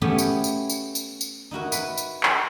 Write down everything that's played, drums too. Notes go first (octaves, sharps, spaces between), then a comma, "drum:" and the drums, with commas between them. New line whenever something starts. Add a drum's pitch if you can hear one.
A3 B3 C#4 E4 G4 G#4
drum: tambourine
drum: tambourine
drum: tambourine
drum: tambourine
drum: tambourine
D#4 E4 F#4 A#4
B4, drum: tambourine
drum: tambourine
drum: clap